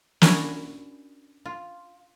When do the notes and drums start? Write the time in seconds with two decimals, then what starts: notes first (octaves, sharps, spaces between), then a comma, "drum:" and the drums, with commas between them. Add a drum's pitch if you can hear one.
0.22 C#4 D4 E4 F#4 A#4 G#5, drum: snare
1.45 F4